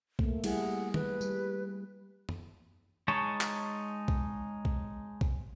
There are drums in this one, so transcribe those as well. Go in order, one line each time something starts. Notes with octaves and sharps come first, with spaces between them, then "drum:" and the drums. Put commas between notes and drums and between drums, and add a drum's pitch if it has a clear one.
A3 A#3, drum: kick B1
G3 E4 G#4 F#5, drum: cymbal
B4, drum: tom
G3, drum: tambourine
drum: tom
G#3 D#4 C#5 A5
drum: clap
drum: kick B1
drum: kick B1
drum: kick B1